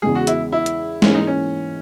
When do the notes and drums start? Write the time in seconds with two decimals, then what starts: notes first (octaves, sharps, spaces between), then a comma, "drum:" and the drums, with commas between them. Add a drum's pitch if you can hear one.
0.02 E2 C#3 G#3 G#4
0.15 F#4
0.27 E4, drum: hi-hat
0.52 E4
0.66 drum: hi-hat
1.02 G#2 E3 A#3 C#4, drum: snare
1.14 D#4
1.27 C#4